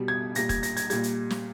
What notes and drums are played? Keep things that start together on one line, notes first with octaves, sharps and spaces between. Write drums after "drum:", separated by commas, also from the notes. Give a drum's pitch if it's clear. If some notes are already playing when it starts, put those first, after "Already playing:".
Already playing: B2 G3
G#6
A#2 G3 A#6, drum: hi-hat
G#6, drum: kick, hi-hat
A#6, drum: hi-hat
G#6, drum: hi-hat
A#2 G3 G#6, drum: hi-hat
drum: hi-hat
drum: snare